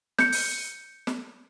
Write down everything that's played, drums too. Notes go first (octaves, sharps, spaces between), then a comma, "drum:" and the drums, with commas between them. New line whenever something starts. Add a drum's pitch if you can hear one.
G6 C#7, drum: snare
drum: open hi-hat
drum: snare